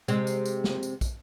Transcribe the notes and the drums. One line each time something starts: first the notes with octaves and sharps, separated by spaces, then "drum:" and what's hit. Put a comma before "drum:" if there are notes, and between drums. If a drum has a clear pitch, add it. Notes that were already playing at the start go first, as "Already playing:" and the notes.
C3 G#3 C4, drum: tambourine
drum: tambourine
drum: tambourine
drum: snare
drum: tambourine
drum: kick, tambourine